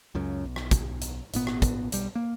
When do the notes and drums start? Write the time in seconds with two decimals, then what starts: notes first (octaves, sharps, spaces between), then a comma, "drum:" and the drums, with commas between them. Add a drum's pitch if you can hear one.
0.15 C#2 F#2 C#3
0.45 B1
0.56 drum: rim click
0.71 drum: kick, hi-hat
1.02 drum: hi-hat
1.34 G#1 A#2 B3, drum: hi-hat
1.47 drum: rim click
1.62 drum: kick, hi-hat
1.92 B1 G3, drum: hi-hat
2.15 A#3